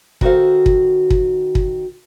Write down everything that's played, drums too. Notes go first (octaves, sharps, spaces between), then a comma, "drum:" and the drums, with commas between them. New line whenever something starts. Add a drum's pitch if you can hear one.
D#3 F#4 A4 C5 F5, drum: kick
drum: kick
drum: kick
drum: kick